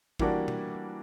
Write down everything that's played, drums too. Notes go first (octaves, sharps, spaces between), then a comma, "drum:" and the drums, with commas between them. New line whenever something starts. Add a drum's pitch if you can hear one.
E3 G3 A#3 D4 F#4, drum: kick G#1
drum: tom